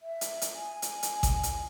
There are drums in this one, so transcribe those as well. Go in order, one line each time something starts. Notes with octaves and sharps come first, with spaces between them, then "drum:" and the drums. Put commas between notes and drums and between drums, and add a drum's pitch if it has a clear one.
E5
drum: hi-hat
drum: hi-hat
G#5
drum: hi-hat
drum: hi-hat
drum: kick A1, hi-hat
drum: hi-hat